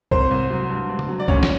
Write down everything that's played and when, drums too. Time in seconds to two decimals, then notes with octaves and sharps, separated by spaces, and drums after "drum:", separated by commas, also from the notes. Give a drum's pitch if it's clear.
0.11 C2 C4 C5, drum: kick
0.31 C2
0.50 F#3
0.70 G2
0.89 G2
0.99 drum: tom C#3
1.08 F#3
1.20 D5
1.28 D2 C#4 C#5, drum: kick
1.43 drum: snare